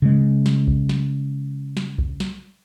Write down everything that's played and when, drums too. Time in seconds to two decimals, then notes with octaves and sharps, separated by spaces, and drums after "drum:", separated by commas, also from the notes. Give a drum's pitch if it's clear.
0.02 C#3 G#3
0.46 drum: snare
0.68 drum: kick B1
0.89 drum: snare
1.77 drum: snare
1.98 drum: kick B1
2.20 drum: snare